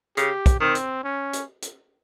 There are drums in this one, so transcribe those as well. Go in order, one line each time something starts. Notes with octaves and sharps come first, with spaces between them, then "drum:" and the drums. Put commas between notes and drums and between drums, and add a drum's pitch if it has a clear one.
C#3 G4, drum: hi-hat
drum: kick, hi-hat
D#3 C4
drum: hi-hat
C#4
drum: hi-hat
drum: hi-hat